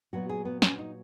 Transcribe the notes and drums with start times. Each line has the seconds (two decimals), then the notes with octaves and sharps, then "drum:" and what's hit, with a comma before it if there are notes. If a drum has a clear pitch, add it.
0.13 A#2 F#3 B3 F#4
0.29 G#4
0.45 B3
0.62 C#4, drum: snare
0.79 D#4